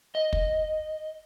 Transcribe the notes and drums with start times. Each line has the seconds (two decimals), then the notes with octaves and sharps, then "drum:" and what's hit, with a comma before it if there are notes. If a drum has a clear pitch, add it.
0.15 D#5
0.33 drum: kick